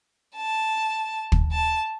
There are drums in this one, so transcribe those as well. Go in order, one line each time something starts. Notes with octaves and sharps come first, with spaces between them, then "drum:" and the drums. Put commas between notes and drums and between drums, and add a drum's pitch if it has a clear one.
A5
drum: kick
A5